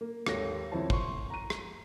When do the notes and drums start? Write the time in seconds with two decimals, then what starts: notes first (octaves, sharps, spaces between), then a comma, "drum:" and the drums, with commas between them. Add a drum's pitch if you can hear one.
0.01 A#3
0.26 G#1 D#2 A4 C#5 A#6, drum: rim click
0.72 D#1 F2 E4 C5 C#5 A5
0.90 C6 C#6, drum: kick
1.30 A#5 D#7
1.50 drum: rim click